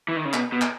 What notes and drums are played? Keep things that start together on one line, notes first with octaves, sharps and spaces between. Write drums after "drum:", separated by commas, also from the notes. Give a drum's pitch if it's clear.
E3
D#3
C#3
B2, drum: clap
B2
drum: clap